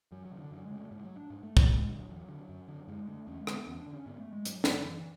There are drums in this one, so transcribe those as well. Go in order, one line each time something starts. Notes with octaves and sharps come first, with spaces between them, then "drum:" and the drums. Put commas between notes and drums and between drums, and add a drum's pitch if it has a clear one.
F#2 F#3
F#3
C#3
D3
F#2 F#3
G#3
C#3
A3
G#2 A3
F#3
D4
G#2
A3
F#3, drum: kick
E2 G#3
D3 F#3
E2
D3
F#2
D3
F#2 G#3
D3 A3
E2 C#4
G#3
D3, drum: rim click
B3
E2 C#4
D4
D3
C#4
G#2 B3
A3
G#3
G#2 F#3, drum: hi-hat
drum: snare
D3
F#2 E3